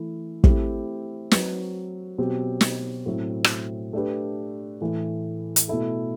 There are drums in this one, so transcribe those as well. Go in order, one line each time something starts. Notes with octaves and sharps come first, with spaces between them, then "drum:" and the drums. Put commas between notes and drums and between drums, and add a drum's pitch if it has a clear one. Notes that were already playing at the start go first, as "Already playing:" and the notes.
Already playing: E3 A3 E4
A3 C4 E4 G4, drum: kick
F#3 C4 F#4 B4, drum: snare
B2 F#3 C4 G4
drum: snare
A2 F#3 C4 E4
drum: rim click
A3 D4 G4 B4
A2 E3 A3
drum: hi-hat
B2 A3 E4 A4